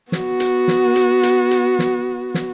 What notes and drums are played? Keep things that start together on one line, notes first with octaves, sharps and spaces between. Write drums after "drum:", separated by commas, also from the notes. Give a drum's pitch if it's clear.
B3 F#4, drum: snare
drum: hi-hat
drum: snare
drum: hi-hat
drum: hi-hat
drum: hi-hat
drum: snare
drum: snare